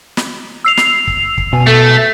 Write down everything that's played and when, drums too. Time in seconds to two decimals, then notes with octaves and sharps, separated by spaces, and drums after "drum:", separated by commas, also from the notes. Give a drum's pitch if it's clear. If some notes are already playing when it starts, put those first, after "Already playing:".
0.17 drum: snare
0.65 E6 C7 F7
0.77 drum: snare
1.07 drum: kick
1.38 drum: kick
1.53 B2 G#5
1.67 A3 A4